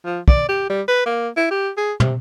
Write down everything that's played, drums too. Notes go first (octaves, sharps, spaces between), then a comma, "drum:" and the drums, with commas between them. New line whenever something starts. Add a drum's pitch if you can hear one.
F3
D5, drum: kick
G4
G3
B4
A#3
E4
G4
G#4
C3, drum: tom